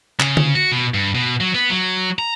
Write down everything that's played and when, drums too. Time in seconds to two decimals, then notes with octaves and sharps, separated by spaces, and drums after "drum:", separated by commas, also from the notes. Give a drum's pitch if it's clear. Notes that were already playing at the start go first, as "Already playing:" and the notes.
0.20 C#3, drum: clap
0.37 drum: tom D3
0.55 F#4
0.72 B2
0.94 G2
1.15 B2
1.40 F#3
1.55 B3
1.70 F#3
2.19 A#5